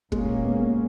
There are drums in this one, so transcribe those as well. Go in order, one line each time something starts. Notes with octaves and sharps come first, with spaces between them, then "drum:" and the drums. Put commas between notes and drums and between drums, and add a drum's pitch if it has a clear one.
A#2 G#3 A#3 C#4, drum: kick
B3